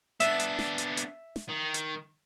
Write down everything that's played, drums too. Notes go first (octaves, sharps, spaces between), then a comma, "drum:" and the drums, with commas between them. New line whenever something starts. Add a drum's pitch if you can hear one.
B3 D4 E5, drum: hi-hat
drum: hi-hat
drum: snare
drum: hi-hat
drum: hi-hat
drum: snare
D#3
drum: hi-hat